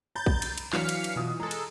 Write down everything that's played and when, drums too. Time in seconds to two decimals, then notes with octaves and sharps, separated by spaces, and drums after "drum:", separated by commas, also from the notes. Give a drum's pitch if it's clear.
0.15 A#5 B5 G6 A6
0.26 drum: kick
0.42 drum: cymbal
0.58 drum: cymbal
0.73 E3 F#3 D4 F5 B6 C#7, drum: clap
0.89 drum: cymbal
1.04 drum: cymbal
1.16 B2 E3 F4 D#6
1.40 G#3 A4 A#5
1.51 drum: cymbal